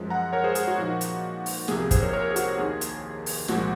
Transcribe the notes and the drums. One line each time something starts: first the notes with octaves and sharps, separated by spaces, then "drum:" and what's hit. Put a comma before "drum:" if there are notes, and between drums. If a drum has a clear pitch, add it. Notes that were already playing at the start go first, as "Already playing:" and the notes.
Already playing: F#2 F3 G#3
F#5 A#5
A#4 C#5
G#4 C5
G#4, drum: hi-hat
F#4
A#2 F3 A#3 D#4
drum: hi-hat
drum: open hi-hat
C2 C3 F3 A#3 G#4, drum: snare
G#4
G#4 C5, drum: kick, hi-hat
A#4 C#5
A#4 C#5
G#4
F#4 A#4, drum: hi-hat
D#2 D#3 A#3 G#4
drum: hi-hat
drum: open hi-hat
C2 A#2 F3 G#3 F#4, drum: snare